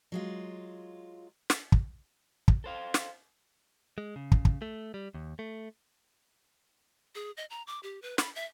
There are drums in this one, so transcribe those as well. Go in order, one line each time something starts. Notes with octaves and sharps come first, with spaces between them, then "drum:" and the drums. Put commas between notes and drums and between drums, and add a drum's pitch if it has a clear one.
F#3 G#3 F4
drum: snare
drum: kick
drum: kick
A4 C5 F5
drum: snare
G#3
C#3
drum: kick
drum: kick
A3
G3
D#2
A3
G#4
D#5
A#5
D6
G4
B4
B5, drum: snare
E5